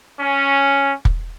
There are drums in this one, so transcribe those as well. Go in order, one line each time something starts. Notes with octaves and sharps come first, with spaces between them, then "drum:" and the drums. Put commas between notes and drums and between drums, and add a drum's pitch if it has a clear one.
C#4
drum: kick